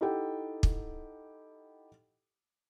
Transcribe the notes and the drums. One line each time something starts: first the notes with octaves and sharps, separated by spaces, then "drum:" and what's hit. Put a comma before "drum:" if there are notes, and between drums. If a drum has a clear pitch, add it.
D#4 E4 G4 A4 F#5 G5
drum: kick